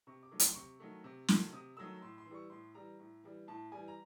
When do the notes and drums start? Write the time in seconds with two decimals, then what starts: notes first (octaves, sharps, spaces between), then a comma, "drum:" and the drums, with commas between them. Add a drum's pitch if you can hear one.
0.07 C3 C#6
0.23 D6
0.31 D#3 F#3 A3
0.40 C6, drum: hi-hat
0.55 C3 C#6
0.80 D#3 F#3 A3
1.04 C3
1.28 D#3 F#3 A3, drum: snare
1.53 C3 D#6
1.77 D#3 F#3 A3 E6
2.02 A2 C6
2.18 C6
2.26 E3
2.31 G3 C#6
2.50 A2 C6
2.74 E3 G3 A#5
3.00 A2
3.24 E3 G3
3.48 A2 A5
3.72 E3 G3 G#5
3.88 A#5